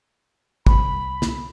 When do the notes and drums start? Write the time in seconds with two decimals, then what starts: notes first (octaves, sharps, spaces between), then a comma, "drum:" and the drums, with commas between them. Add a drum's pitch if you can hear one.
0.67 C2 B5, drum: kick
1.22 drum: snare